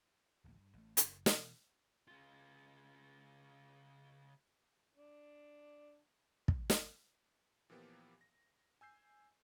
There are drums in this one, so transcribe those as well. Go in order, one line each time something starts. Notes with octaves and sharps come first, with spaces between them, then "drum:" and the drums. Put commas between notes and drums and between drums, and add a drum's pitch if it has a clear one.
D1 A#1 D#2 A#3
G2
A1 A3
F#1, drum: hi-hat
B2 E3, drum: snare
C#3 F4
D4
drum: kick
drum: snare
A#2 E3 F3 A#3 B3 G4
A#6
G#5 E6 G6 C7